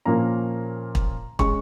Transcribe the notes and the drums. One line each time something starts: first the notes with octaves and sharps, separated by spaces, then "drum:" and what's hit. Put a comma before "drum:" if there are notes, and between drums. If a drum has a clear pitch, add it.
A#2 F3 A#3 C#4 A#5
drum: kick
G#3 C#4 C#6, drum: kick